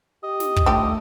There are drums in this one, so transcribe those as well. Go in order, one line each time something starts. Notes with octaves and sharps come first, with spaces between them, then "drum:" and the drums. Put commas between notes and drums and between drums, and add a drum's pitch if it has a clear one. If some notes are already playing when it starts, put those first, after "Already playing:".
G4 D#5
drum: snare
drum: kick
D3 D#3 G3 A3 F4 G4